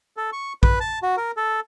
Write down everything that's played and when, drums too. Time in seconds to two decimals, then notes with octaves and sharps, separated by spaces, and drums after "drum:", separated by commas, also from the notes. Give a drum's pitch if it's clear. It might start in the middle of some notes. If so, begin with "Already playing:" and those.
0.17 A4
0.33 C#6
0.63 B4, drum: kick
0.80 A5
1.03 F#4
1.17 A#4
1.37 A4